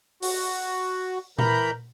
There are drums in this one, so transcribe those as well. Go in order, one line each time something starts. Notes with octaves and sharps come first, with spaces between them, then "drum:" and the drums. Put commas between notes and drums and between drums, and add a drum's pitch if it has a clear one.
F#4, drum: open hi-hat
E3 A#4 A#5 B5 G6, drum: tom A#2